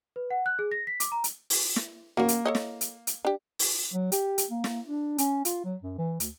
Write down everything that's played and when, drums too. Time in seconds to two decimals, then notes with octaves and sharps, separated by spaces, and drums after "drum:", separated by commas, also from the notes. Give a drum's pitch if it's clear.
0.16 B4
0.31 F#5
0.46 F#6
0.59 G#4
0.72 A#6
0.87 B6
1.00 D6, drum: hi-hat
1.12 A#5
1.24 drum: hi-hat
1.50 drum: open hi-hat
1.76 drum: snare
2.17 A#3 C#4 F#4
2.28 drum: hi-hat
2.45 A4 C#5 D#5
2.55 drum: snare
2.81 drum: hi-hat
3.07 drum: hi-hat
3.25 D4 G4
3.59 drum: open hi-hat
3.93 F#3
4.12 G4, drum: hi-hat
4.38 drum: hi-hat
4.51 A#3
4.64 drum: snare
4.87 D4
5.18 C#4, drum: hi-hat
5.45 F4, drum: hi-hat
5.65 F#3
5.82 F#2
5.98 E3
6.20 D2, drum: hi-hat